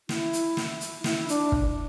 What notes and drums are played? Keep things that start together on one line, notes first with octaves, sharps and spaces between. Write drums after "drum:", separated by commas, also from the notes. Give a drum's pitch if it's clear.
E4, drum: snare
drum: hi-hat
drum: snare
drum: hi-hat
E4, drum: snare
D4, drum: hi-hat
drum: kick